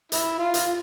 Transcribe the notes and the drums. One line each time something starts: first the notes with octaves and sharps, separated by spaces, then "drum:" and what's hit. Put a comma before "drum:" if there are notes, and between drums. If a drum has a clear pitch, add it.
E4, drum: hi-hat
F4
drum: hi-hat